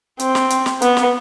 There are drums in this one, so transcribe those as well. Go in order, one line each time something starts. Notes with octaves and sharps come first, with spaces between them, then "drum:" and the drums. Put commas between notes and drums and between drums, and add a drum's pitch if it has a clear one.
C4, drum: hi-hat
drum: snare
drum: hi-hat
drum: snare
B3, drum: hi-hat
drum: snare